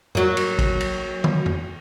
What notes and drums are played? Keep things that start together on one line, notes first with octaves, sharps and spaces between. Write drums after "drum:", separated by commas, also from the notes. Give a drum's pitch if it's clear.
F#3 A#3, drum: tom
drum: cymbal
drum: kick, cymbal
drum: cymbal
drum: tom
drum: tom